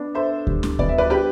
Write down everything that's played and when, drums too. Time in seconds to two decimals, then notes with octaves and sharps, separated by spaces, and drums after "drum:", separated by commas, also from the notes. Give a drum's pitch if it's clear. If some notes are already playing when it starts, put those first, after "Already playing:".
Already playing: B3 D4
0.15 A4 C5 E5
0.47 G3, drum: kick D2
0.63 drum: snare
0.79 B3 D5, drum: kick D2
0.89 E5
0.98 B4 D5
1.10 D4 G4 B4